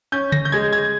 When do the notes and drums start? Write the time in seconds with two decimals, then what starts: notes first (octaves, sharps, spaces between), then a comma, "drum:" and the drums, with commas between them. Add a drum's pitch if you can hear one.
0.12 C#4 G6
0.32 A#6, drum: tom C#3
0.45 G6
0.52 G#3 G#6
0.73 G#6